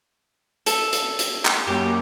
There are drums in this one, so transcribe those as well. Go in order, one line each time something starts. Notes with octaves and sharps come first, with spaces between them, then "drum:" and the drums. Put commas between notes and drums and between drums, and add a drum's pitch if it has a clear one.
A4, drum: hi-hat
drum: hi-hat
drum: hi-hat
drum: clap
F#2 A#3 G4